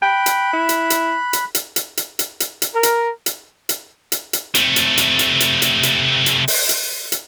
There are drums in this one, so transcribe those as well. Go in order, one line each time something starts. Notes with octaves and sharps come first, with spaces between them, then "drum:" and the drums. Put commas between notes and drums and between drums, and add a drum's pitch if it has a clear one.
G5 B5 F#6
drum: hi-hat
E4
drum: hi-hat
drum: hi-hat
drum: hi-hat
drum: hi-hat
drum: hi-hat
drum: hi-hat
drum: hi-hat
drum: hi-hat
drum: hi-hat
A#4
drum: hi-hat
drum: hi-hat
drum: hi-hat
drum: hi-hat
drum: hi-hat
C3 A3, drum: hi-hat
drum: hi-hat
drum: hi-hat
drum: hi-hat
drum: hi-hat
drum: hi-hat
drum: hi-hat
drum: hi-hat
drum: open hi-hat
drum: hi-hat
drum: hi-hat